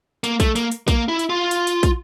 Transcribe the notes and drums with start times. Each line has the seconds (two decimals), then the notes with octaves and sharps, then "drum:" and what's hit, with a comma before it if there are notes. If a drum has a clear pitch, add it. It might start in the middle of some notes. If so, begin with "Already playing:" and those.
0.24 A#3, drum: hi-hat
0.40 A3, drum: kick, hi-hat
0.56 A#3, drum: hi-hat
0.72 drum: hi-hat
0.88 A#3, drum: kick, hi-hat
1.08 E4
1.19 drum: hi-hat
1.30 F4
1.51 drum: hi-hat
1.67 drum: hi-hat
1.83 drum: kick, hi-hat